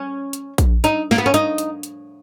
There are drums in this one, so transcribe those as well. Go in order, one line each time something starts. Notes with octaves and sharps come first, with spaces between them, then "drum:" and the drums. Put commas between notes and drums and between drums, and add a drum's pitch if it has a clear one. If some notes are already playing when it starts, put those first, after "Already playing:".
Already playing: C#4
drum: hi-hat
drum: kick A#1, hi-hat
D#4, drum: hi-hat
A#3, drum: snare
B3
C#4
D#4, drum: hi-hat
drum: hi-hat
drum: hi-hat